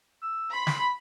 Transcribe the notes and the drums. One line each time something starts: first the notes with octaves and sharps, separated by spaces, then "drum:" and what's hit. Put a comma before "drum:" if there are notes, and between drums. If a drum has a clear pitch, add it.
E6
B5 C6
drum: snare